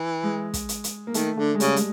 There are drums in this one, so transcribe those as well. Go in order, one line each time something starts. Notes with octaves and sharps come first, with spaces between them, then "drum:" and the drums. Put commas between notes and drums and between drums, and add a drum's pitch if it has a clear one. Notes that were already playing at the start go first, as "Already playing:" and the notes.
Already playing: E3
G#3
drum: kick, hi-hat
drum: hi-hat
drum: hi-hat
A#3
D#3 A3, drum: hi-hat
D3 A3
G#3
C#3 G3, drum: hi-hat
G#3, drum: hi-hat